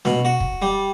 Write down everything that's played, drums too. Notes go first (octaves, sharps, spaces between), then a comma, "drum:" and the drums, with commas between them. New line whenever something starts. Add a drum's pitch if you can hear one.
B2, drum: snare
F#4
drum: kick
G3